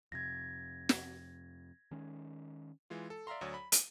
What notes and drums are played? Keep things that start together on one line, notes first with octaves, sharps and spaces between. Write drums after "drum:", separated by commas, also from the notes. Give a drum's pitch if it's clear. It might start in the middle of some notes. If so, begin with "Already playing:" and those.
F2 C3 G#6 A#6
drum: snare
D#3 G#3 C#4
E3 G#3 F4
A4
D5 E5 F5 A#5 C6
D2 F#3 C#5 D5 D#6 E6
B5
D#7, drum: hi-hat